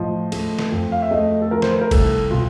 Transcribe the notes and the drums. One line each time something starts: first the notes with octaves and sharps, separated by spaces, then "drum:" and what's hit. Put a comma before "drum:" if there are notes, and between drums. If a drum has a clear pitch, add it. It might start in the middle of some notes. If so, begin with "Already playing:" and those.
Already playing: A2 F3 D#5
A3, drum: cymbal
drum: snare
F2
F5
E5
A3 D#5
A4
F3 A#4
C5, drum: snare
B4
A#4
C2 A4, drum: kick, cymbal
B2 F4